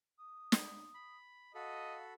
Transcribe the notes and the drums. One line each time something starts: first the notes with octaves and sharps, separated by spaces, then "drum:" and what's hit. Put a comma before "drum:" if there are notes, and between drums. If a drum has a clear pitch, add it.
D#6
drum: snare
B5
F#4 A4 D#5 F5 B5